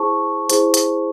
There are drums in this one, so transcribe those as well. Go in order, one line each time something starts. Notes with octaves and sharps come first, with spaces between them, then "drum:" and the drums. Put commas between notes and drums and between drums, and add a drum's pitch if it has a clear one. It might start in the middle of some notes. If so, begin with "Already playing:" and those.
Already playing: E4 G#4 C5 A5 C#6
E4 G#4 C5, drum: hi-hat
drum: hi-hat